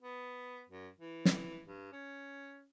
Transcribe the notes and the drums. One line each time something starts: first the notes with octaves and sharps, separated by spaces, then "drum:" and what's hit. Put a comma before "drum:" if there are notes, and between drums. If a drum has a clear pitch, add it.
B3
F#2
E3
drum: snare
G2
C#4